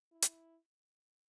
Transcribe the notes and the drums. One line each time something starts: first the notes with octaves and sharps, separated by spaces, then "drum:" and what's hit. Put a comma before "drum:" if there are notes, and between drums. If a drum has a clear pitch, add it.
E4
drum: hi-hat